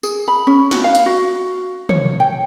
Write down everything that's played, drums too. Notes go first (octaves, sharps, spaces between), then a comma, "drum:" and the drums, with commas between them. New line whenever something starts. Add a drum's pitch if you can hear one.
G#4, drum: tambourine
B5
C#4
F#4, drum: snare
F5
drum: hi-hat
F#4
C#5, drum: tom
G5